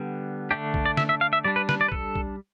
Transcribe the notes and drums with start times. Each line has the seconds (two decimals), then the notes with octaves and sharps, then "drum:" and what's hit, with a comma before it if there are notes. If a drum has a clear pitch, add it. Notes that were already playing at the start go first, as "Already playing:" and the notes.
Already playing: D3 G3 B3
0.51 D3 A3 D4 G4
0.74 drum: kick A#1
0.86 D5
0.97 E5, drum: snare
1.09 E5
1.21 F5
1.33 E5
1.45 G3 D4 D5
1.56 B4
1.69 B4, drum: snare
1.81 D5
1.88 B4
1.92 A4, drum: kick A#1
2.16 drum: kick A#1